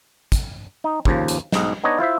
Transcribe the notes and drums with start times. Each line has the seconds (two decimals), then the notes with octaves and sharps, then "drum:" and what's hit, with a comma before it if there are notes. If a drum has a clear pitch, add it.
0.32 drum: kick, hi-hat
0.84 D#4
1.05 D#2 C#3 F3, drum: kick
1.28 drum: hi-hat
1.52 B1 G#2 D#5, drum: snare
1.84 B3 D4 D#4 C#5 D#5
1.99 E4 F4 C5 E5